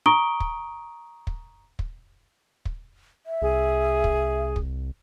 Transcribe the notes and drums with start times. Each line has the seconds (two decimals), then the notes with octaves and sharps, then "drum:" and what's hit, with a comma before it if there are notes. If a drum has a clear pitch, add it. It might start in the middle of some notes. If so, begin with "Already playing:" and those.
0.06 A#5 C#6 D#6 D7 G7
0.40 drum: kick
1.27 drum: kick
1.79 drum: kick
2.65 drum: kick
3.26 E5
3.42 C2 G#4
4.04 drum: kick
4.56 drum: kick